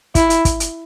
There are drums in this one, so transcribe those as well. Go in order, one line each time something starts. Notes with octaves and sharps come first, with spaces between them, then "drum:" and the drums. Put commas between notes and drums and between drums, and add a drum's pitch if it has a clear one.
E4, drum: kick, hi-hat
drum: hi-hat
drum: kick, hi-hat
drum: hi-hat